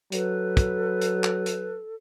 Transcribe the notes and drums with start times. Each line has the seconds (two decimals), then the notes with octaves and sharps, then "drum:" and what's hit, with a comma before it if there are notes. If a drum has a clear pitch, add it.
0.12 F#3 A4 B4, drum: hi-hat
0.57 drum: kick, hi-hat
1.01 drum: hi-hat
1.24 drum: clap
1.46 drum: hi-hat